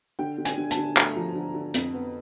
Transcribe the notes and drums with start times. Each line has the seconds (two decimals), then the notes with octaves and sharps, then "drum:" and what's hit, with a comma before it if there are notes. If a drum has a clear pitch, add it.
0.19 D3 G5
0.38 D3
0.45 G#5, drum: hi-hat
0.58 D3
0.71 A5, drum: hi-hat
0.77 D3
0.97 A3 A#5, drum: clap
1.16 F3
1.35 D3
1.54 D3
1.74 F2, drum: hi-hat
1.93 B3